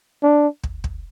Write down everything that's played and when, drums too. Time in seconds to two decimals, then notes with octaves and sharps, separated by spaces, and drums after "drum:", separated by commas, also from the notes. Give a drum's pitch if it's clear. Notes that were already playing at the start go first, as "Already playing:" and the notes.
0.23 D4
0.63 drum: kick
0.84 drum: kick